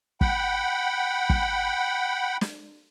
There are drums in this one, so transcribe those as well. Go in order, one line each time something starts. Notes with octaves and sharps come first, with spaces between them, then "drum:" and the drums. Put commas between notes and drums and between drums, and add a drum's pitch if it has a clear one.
F#5 G5 B5, drum: kick
drum: kick
drum: snare